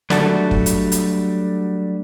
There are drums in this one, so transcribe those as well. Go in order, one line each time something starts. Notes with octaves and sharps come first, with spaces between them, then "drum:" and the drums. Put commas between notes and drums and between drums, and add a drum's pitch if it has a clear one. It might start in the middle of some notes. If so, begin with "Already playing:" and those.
F#3 G3 A3 D4 F#4 A4, drum: snare
drum: kick
drum: hi-hat
drum: hi-hat